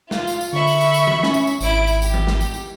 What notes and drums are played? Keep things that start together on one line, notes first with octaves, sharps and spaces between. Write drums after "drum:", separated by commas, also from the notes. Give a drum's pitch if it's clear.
F4, drum: snare
drum: tambourine
drum: tambourine
D3 E5 B5 C#6
drum: tambourine
drum: tambourine
drum: tambourine
drum: tom E3
C#4, drum: snare
drum: tambourine
drum: tambourine
G#1 E4 D7, drum: tambourine
drum: tambourine
G4, drum: tambourine
drum: tom E3
drum: snare
drum: tambourine
drum: tambourine